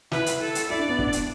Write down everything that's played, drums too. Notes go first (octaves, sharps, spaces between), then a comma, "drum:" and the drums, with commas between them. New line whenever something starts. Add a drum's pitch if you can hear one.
E4 B4, drum: snare
drum: hi-hat
A4
drum: hi-hat
E4 D5
D4
B3
D4, drum: kick
drum: hi-hat